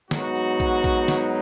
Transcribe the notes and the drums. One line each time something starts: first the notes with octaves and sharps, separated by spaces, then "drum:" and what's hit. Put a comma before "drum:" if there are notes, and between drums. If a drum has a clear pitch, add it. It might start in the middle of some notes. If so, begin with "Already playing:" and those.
G#2 F#3 B3 D#4 F#4, drum: snare
drum: tambourine
drum: kick A#1, tambourine
drum: kick A#1, tambourine
drum: snare